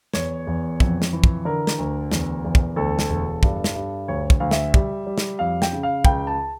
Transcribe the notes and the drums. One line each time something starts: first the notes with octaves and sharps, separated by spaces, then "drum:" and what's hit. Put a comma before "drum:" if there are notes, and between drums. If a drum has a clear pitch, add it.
E2 C#5, drum: snare
E2
F2, drum: kick
drum: snare
E3
drum: kick
D3 A#4
drum: snare
D2
E2, drum: snare
E2
drum: kick
D2 A4
drum: snare
E1
G2, drum: kick
drum: snare
G2
D2 C#5
drum: kick
D2 F5
E5, drum: snare
G3, drum: kick
G3
drum: snare
F2 F5
G5, drum: snare
C#3
F5
C#2 G5, drum: kick
A5